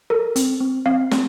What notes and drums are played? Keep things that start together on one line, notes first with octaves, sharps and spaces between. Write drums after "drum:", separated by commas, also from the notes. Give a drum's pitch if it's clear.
A4 A#4
C4, drum: hi-hat
C4
C4 F5
C4, drum: snare